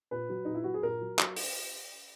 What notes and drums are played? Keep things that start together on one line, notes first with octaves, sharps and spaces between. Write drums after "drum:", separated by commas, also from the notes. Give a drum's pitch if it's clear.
A#2 B4
F#3
A#2 D#4
E4
F#3 F#4
G#4
A#2 A#4
F#3
F#3, drum: clap
drum: open hi-hat